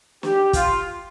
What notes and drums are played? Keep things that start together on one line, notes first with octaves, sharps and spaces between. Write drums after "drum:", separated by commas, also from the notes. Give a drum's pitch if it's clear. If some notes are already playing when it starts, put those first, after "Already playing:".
G4, drum: snare
F4, drum: kick, hi-hat